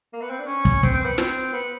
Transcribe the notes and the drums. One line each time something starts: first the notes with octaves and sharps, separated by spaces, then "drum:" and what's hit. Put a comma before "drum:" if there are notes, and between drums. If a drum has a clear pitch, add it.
A#3
B3
C4
D4
C#4
drum: kick
C4, drum: kick
C4
B3
C4, drum: snare
B3